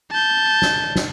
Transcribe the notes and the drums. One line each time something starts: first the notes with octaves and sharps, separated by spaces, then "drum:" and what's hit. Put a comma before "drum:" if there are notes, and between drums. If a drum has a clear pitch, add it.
A5 G6
drum: snare
drum: snare